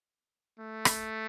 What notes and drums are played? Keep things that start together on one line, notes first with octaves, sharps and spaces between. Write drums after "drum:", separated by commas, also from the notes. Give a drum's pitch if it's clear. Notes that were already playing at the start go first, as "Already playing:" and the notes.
A3
drum: rim click